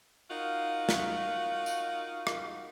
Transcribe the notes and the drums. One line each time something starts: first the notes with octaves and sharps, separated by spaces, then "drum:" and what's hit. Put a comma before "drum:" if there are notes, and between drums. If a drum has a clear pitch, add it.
D#4 F4 F#4 A#4 F5
drum: snare
drum: tambourine
drum: rim click